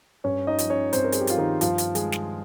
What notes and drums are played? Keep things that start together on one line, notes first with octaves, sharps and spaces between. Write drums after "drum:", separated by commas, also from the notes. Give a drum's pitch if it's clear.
G2 C#4 C#5
D#4 D#5
F3, drum: hi-hat
C#4 C#5
G2 C4 C5, drum: hi-hat
A#4
G#4, drum: hi-hat
G4
F3 F4, drum: hi-hat
D#3 D#4
G2 F3 F4, drum: hi-hat
drum: hi-hat
D#3 G#3 G#4, drum: hi-hat
drum: snare